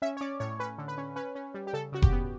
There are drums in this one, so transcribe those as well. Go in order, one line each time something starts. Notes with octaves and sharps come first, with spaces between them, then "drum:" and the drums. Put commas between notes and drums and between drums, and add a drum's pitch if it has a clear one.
C#4 E5
C#5
C#4 D5
A2 C#5
C#4 B4
D3
B4
C#4
C#4 B4
C#4
G3
G4
C#3 A4
C#3 F#4
G4, drum: kick F1
B3